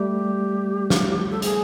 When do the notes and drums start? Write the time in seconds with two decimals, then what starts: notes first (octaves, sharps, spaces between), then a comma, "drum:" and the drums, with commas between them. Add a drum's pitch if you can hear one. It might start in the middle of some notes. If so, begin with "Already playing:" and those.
Already playing: G3 A3 G4
0.90 drum: snare
1.30 A4
1.42 G#4, drum: hi-hat